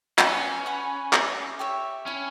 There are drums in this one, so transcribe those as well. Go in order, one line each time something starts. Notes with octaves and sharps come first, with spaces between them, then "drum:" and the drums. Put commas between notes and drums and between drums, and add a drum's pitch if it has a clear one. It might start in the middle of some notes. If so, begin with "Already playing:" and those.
C#4 B4, drum: clap
F#5 B5
E4, drum: clap
G4 C#5 E5
C#4 E4